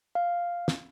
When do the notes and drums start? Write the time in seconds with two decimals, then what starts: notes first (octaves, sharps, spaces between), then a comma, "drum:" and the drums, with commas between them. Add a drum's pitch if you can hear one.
0.15 F5
0.68 drum: snare